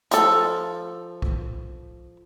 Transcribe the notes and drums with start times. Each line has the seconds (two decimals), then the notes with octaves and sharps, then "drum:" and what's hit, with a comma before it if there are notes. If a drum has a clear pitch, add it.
0.11 F3 A4, drum: hi-hat
1.22 drum: kick B1